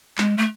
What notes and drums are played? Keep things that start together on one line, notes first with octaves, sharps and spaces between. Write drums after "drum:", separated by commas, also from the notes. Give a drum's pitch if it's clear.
G#3, drum: clap
A3